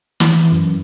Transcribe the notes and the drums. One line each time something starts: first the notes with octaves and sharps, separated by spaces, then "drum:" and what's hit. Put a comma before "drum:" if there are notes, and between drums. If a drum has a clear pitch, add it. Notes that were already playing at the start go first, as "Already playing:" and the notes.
E3, drum: snare
F#2